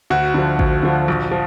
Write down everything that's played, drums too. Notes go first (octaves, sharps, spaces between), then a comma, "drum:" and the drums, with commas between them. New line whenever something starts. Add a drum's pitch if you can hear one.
D2 F#4
D3 F3
D2, drum: kick A1
D3 F3
A#1
F3